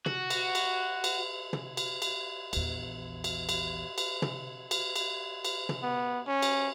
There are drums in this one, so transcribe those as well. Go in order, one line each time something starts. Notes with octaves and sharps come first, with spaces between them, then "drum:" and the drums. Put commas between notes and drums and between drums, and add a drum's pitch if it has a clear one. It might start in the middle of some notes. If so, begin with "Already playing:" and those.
F#4, drum: tom
drum: cymbal
drum: cymbal
drum: cymbal
drum: tom
drum: cymbal
drum: cymbal
A#1 E2, drum: cymbal
drum: cymbal
drum: cymbal
drum: cymbal
drum: tom
drum: cymbal
drum: cymbal
drum: cymbal
drum: tom
B3
C#4
drum: cymbal